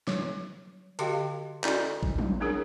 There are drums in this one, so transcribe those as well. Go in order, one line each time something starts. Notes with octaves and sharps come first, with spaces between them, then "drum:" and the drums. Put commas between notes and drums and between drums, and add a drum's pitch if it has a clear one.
F#3 G3, drum: snare
D3 F#4 G4 D#5 F5 G5, drum: hi-hat
C#4 E4 F#4 A4 D5 D#5, drum: clap
drum: kick A1
drum: tom
C4 D4 E4 G#4 A#4 C#5